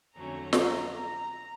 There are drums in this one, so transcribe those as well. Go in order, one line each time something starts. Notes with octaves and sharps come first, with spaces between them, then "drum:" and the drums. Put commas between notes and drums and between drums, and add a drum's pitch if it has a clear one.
F2 D3 F#3 A3 C#4 A#5
drum: snare